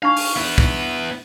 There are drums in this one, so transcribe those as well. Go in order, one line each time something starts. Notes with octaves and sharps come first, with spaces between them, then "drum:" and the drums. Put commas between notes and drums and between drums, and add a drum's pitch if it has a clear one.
D4 D#4 F5 C#6
drum: open hi-hat
B3 E4
drum: kick